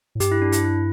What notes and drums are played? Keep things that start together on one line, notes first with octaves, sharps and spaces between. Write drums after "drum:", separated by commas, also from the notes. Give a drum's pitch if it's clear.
A2
G2 G4, drum: hi-hat
E4
D4
E4, drum: hi-hat
E4